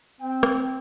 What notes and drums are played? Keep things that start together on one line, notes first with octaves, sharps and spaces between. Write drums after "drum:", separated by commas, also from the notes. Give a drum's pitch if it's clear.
C4 G5
drum: rim click